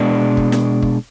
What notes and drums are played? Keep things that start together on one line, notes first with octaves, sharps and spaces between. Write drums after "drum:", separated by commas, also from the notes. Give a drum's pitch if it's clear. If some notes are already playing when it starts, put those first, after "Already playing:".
Already playing: B2 G#3 D4
drum: kick
drum: snare
drum: kick